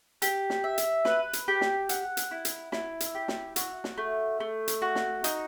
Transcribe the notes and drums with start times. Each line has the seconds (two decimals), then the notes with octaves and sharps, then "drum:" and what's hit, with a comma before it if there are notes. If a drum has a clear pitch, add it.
0.22 G4, drum: hi-hat
0.50 drum: snare
0.64 E5
0.78 drum: hi-hat
1.05 B4, drum: snare
1.33 drum: hi-hat
1.48 G4
1.61 drum: snare
1.89 F#5, drum: hi-hat
2.17 drum: hi-hat
2.31 E4
2.45 drum: hi-hat
2.72 E4, drum: snare
3.00 drum: hi-hat
3.15 G4
3.28 drum: snare
3.56 F#4, drum: hi-hat
3.84 drum: snare
3.98 A3
4.40 A3
4.68 drum: hi-hat
4.82 F#4
4.95 drum: snare
5.24 D#4, drum: hi-hat